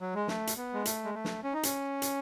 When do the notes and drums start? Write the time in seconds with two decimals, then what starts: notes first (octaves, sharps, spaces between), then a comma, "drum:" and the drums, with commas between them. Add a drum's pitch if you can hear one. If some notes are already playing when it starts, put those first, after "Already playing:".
0.01 F#3
0.15 G#3
0.28 A3, drum: snare
0.47 drum: hi-hat
0.57 B3
0.74 G#3
0.85 A3, drum: hi-hat
1.05 G#3
1.14 A3
1.25 drum: snare
1.44 C#4
1.53 D#4
1.63 C#4, drum: hi-hat
2.02 drum: hi-hat